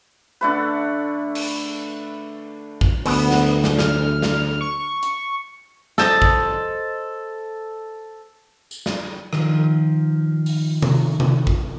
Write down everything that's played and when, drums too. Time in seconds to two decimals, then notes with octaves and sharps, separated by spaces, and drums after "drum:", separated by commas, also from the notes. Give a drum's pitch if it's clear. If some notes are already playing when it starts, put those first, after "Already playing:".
0.41 D3 A3 B4
1.35 drum: cymbal
2.81 drum: kick A1
3.05 D2 B3, drum: cymbal
3.31 drum: snare
3.64 drum: snare
3.79 F6, drum: snare
4.22 drum: snare
4.61 C#6
5.03 drum: hi-hat
5.98 A4 C5 D#5, drum: snare
6.22 drum: kick A1
8.71 drum: tambourine
8.86 drum: snare
9.33 D#3 F3, drum: rim click
10.46 drum: open hi-hat
10.82 drum: tom C3
11.20 drum: tom C3
11.47 drum: kick A1